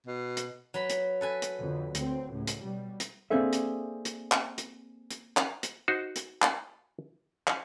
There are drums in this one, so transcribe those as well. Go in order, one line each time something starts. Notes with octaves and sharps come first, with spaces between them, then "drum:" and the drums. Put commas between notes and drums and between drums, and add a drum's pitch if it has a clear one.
B2
drum: hi-hat
F#3 B4 B5
drum: hi-hat
A4 B4 G#5
drum: hi-hat
F2 D3
D2 C4, drum: hi-hat
C#2 A2
drum: hi-hat
B2 G3
drum: hi-hat
A#3 C4 D4 G#4 A4 E5
drum: hi-hat
drum: hi-hat
drum: clap
drum: hi-hat
drum: hi-hat
drum: clap
drum: hi-hat
D#4 F#4 C5
drum: hi-hat
drum: clap
drum: clap